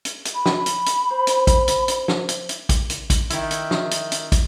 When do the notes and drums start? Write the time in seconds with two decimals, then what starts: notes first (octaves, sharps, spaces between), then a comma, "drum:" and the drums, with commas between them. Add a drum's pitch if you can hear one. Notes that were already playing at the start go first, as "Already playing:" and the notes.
0.05 drum: hi-hat
0.25 drum: hi-hat
0.35 B5
0.46 drum: snare
0.66 drum: hi-hat
0.86 drum: hi-hat
1.10 C5
1.27 drum: hi-hat
1.47 drum: kick, hi-hat
1.68 drum: hi-hat
1.88 drum: hi-hat
2.08 drum: snare
2.29 drum: hi-hat
2.49 drum: hi-hat
2.69 drum: kick, hi-hat
2.90 drum: hi-hat
3.10 drum: kick, hi-hat
3.30 D#3 E4, drum: hi-hat
3.51 drum: hi-hat
3.71 drum: snare
3.91 drum: hi-hat
4.12 drum: hi-hat
4.32 drum: kick, hi-hat